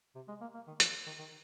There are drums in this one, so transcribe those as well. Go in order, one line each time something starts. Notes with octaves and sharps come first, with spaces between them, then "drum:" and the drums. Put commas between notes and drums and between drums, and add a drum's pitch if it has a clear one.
C3
G#3
A#3
A#3
D#3
F3, drum: hi-hat
D#3
D#3